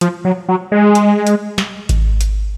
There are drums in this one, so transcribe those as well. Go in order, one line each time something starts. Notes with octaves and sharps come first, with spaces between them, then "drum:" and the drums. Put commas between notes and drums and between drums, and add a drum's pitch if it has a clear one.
F3, drum: hi-hat
F#3
F#3
G#3
drum: hi-hat
drum: hi-hat
drum: snare
drum: kick G#1, hi-hat
drum: hi-hat